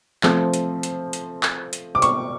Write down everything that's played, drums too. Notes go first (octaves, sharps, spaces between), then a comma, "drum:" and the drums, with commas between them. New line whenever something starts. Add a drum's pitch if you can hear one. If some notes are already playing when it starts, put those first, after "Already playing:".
F3 A3 C4, drum: clap
drum: hi-hat
drum: hi-hat
drum: hi-hat
drum: clap
drum: hi-hat
D6
C#6, drum: hi-hat